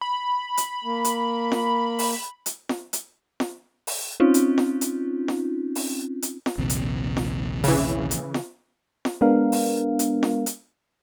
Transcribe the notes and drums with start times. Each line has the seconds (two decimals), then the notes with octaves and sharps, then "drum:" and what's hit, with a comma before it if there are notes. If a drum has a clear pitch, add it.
0.01 B5
0.57 drum: hi-hat
0.84 A#3
1.04 drum: hi-hat
1.52 drum: snare
1.99 drum: open hi-hat
2.46 drum: hi-hat
2.69 drum: snare
2.93 drum: hi-hat
3.40 drum: snare
3.87 drum: open hi-hat
4.20 C4 C#4 D#4 F4
4.34 drum: hi-hat
4.58 drum: snare
4.81 drum: hi-hat
5.28 drum: snare
5.75 drum: open hi-hat
6.22 drum: hi-hat
6.46 drum: snare
6.58 A#1 D#2 C3
6.69 drum: hi-hat
7.17 drum: snare
7.64 C#3 E3, drum: open hi-hat
8.11 drum: hi-hat
8.34 drum: snare
9.05 drum: snare
9.21 G#3 B3 D4 A#4 F5
9.52 drum: open hi-hat
9.99 drum: hi-hat
10.23 drum: snare
10.46 drum: hi-hat